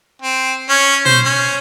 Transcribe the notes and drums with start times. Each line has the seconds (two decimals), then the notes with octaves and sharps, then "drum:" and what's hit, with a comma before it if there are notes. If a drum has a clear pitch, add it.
0.22 C4
0.69 C#4
1.05 C5, drum: tom
1.25 C#4